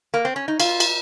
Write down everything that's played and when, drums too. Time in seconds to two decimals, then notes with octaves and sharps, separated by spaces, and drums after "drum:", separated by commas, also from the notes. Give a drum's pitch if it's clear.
0.14 A#3
0.25 C4
0.36 C#4
0.48 D#4
0.60 F4, drum: cymbal
0.80 drum: cymbal